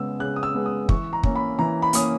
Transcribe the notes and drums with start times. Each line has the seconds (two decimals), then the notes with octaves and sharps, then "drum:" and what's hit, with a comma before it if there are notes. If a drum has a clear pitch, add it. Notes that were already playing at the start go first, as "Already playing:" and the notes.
Already playing: C#3 G#3 B3 E6
0.19 C#3 F#6
0.36 D#6
0.43 E6
0.55 G#3 B3
0.66 D#6
0.89 E3 C#6, drum: kick
1.13 A#5
1.23 A#3 C#4, drum: kick
1.36 B5
1.59 E3 A#5
1.82 B5
1.93 A#3 C#4 D#6, drum: hi-hat